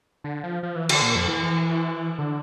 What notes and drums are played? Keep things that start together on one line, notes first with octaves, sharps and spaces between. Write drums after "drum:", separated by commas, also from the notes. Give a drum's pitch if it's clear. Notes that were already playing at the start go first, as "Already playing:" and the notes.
D3
F3
F3
E3
D3, drum: cymbal
A#2
F2
E3
D3